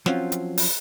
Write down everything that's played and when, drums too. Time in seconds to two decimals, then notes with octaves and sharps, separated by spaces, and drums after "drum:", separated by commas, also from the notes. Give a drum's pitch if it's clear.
0.06 F3 F#3 C4 C#4 F4, drum: snare
0.32 drum: hi-hat
0.58 drum: open hi-hat